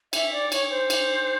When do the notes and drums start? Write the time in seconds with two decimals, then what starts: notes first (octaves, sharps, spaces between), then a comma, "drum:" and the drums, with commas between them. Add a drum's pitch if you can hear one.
0.13 E5, drum: cymbal
0.32 D5
0.52 C#5, drum: cymbal
0.70 C5
0.90 drum: cymbal